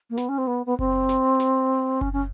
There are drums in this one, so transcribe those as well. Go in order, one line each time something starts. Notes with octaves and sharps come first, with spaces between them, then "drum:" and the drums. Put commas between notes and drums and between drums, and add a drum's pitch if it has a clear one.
A#3
B3, drum: snare
C#4
C4
B3
B3
C4, drum: kick F#1
drum: snare
drum: snare
C#4, drum: kick F#1
C#4